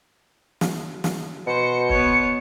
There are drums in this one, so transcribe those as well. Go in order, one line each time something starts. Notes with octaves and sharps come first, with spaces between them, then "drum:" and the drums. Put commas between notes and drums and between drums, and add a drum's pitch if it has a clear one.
drum: snare
drum: snare
B2 C5 C#7
B3 C#5, drum: kick C#1